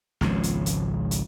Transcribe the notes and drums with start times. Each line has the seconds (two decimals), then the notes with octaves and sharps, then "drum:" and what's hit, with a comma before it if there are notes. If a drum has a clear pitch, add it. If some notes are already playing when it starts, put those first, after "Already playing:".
0.21 G#1 C#2 C#3 F3, drum: snare B3
0.43 drum: hi-hat
0.66 drum: hi-hat
1.11 drum: hi-hat